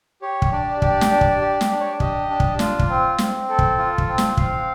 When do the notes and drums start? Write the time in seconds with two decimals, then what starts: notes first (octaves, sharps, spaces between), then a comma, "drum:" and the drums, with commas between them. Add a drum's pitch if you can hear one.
0.22 G4 C#5
0.42 drum: kick
0.52 D4 D5
0.82 G4, drum: kick
1.01 drum: snare
1.11 D4
1.21 drum: kick
1.41 G4
1.61 drum: snare
1.71 D4
1.80 C#5
1.91 D5
2.00 G4 D#5, drum: kick
2.30 D4
2.40 drum: kick
2.59 F4, drum: snare
2.79 drum: kick
2.89 C4
3.18 C4, drum: snare
3.49 A4
3.59 drum: kick
3.78 F4
3.98 drum: kick
4.07 C4
4.18 drum: snare
4.37 C4 F5, drum: kick